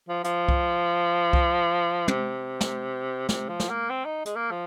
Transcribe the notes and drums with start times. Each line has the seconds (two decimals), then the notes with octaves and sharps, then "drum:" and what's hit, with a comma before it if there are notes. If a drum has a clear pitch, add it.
0.09 F3
0.24 F3, drum: hi-hat
0.49 drum: kick C2
1.33 drum: kick C2
2.08 C3, drum: tom
2.61 drum: snare
3.29 C3, drum: snare
3.49 F3
3.60 drum: snare
3.70 A#3
3.90 C4
4.05 D#4
4.25 G#3, drum: hi-hat
4.36 A#3
4.51 F3